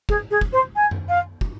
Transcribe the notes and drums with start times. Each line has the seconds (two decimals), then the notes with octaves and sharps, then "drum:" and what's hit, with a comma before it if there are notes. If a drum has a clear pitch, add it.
0.09 G#4, drum: kick
0.30 G#4
0.41 drum: kick
0.52 C5
0.75 G#5
0.91 drum: tom F#2
1.08 F5
1.41 drum: kick